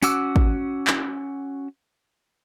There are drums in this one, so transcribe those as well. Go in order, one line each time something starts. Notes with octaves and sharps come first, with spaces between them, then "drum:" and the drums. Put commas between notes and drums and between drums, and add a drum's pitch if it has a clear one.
C#4 F#4 F#5 D6 E6, drum: tambourine
drum: kick
drum: clap